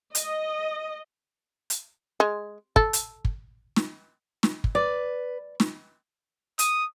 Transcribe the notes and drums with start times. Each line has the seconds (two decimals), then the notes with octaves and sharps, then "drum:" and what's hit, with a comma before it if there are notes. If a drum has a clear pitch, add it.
0.15 D#5, drum: hi-hat
1.70 drum: hi-hat
2.20 G#3
2.76 A4, drum: kick
2.93 drum: hi-hat
3.25 drum: kick
3.76 drum: snare
4.43 drum: snare
4.64 drum: kick
4.75 B4 D5
5.60 drum: snare
6.59 D#6, drum: hi-hat